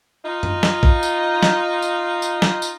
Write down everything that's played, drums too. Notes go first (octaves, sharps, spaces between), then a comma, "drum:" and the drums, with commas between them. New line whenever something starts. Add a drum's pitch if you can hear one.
D#4 F4
drum: tom F#2
drum: snare
drum: kick
drum: tambourine
drum: snare
drum: tambourine
drum: tambourine
drum: snare
drum: tambourine